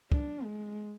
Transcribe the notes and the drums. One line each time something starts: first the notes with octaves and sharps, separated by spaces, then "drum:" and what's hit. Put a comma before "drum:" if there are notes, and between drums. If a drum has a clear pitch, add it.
D4, drum: kick
G#3